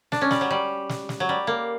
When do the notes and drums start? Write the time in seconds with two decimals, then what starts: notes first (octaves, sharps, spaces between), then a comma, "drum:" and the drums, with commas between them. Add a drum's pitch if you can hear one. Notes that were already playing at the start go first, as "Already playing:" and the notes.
0.12 D4, drum: snare
0.21 C#4
0.31 G3, drum: snare
0.41 F#3
0.51 G3
0.89 drum: snare
1.09 drum: snare
1.20 F#3
1.29 G3
1.47 A#3